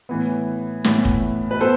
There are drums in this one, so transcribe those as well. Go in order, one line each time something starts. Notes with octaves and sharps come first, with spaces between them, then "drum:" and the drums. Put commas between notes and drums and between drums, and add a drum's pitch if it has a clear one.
A2 E3 B3
A2 E3 B3, drum: snare
drum: kick
B4
B3 A4 C5